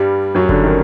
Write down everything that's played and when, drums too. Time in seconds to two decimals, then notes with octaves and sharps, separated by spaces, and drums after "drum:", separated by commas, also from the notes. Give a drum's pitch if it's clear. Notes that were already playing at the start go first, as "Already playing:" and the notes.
Already playing: G2 G3
0.35 F#2 F#3
0.49 D3, drum: kick F#1
0.64 D#3